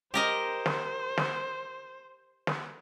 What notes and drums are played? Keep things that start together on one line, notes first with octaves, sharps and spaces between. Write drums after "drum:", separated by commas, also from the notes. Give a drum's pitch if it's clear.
G4 A#4 C5 D#5
drum: snare
drum: snare
drum: snare